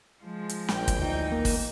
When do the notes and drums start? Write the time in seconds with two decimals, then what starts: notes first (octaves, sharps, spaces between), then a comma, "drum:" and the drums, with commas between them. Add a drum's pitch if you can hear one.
0.23 F3 G#3
0.49 drum: hi-hat
0.69 A#1 G5, drum: snare
0.88 drum: kick, hi-hat
0.99 D2 E3 D#4
1.32 A#3
1.45 drum: kick, open hi-hat